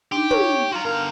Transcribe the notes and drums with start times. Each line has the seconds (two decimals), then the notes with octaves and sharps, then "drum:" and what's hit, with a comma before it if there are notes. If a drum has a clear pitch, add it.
0.12 D4 D#4 G4
0.31 C#5, drum: tom
0.72 F4 F#4 A#5 C6
0.85 D3 A#4 F5 A#5